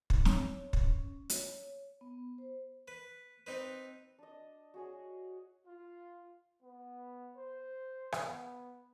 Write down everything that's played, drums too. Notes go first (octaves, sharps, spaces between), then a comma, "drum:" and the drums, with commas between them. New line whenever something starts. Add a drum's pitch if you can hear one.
D#4, drum: kick
C#5, drum: snare
drum: kick
C#4
C#5, drum: hi-hat
B3
C5
B4
C4 D#4 B4
D4 D#5
F#4 G#4 C#5
F4
B3
C5
drum: rim click
B3